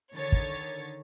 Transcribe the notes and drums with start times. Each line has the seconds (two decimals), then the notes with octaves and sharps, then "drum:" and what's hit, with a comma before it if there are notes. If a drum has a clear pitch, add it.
0.14 D3 D#3 C#5 A6
0.32 drum: kick